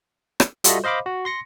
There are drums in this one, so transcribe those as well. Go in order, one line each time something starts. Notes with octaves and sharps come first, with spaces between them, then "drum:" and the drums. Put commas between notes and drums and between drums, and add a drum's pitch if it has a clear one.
drum: rim click
G3 F4 F#4 A4 D#5 E5, drum: hi-hat
C5 D#5 F5 B5 D6
F#4
C6 A#6 C#7